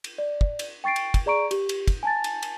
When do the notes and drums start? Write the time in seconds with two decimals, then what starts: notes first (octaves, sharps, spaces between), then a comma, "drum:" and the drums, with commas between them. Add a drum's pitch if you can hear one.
0.04 drum: cymbal
0.18 D5
0.41 drum: kick
0.59 drum: cymbal
0.84 G5 C#6 A6 C7 D7
0.96 drum: cymbal
1.14 drum: kick, cymbal
1.26 G#4 D5 A#5 C#6 D7
1.51 G4, drum: cymbal
1.69 drum: cymbal
1.88 drum: kick, cymbal
2.03 G#5 A5 A6
2.24 drum: cymbal
2.42 drum: cymbal